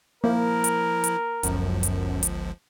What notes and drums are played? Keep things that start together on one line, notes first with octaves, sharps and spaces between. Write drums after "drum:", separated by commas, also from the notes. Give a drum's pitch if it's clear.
F3 A#3 E4 A#4
drum: hi-hat
drum: hi-hat
G1 C#2 F#2 F3, drum: hi-hat
drum: hi-hat
drum: hi-hat